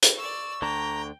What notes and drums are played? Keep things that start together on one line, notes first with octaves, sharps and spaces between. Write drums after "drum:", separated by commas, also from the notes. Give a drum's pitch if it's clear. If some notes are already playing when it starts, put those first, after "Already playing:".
drum: hi-hat
D5 C#6 E6
D2 D3 G5 A#5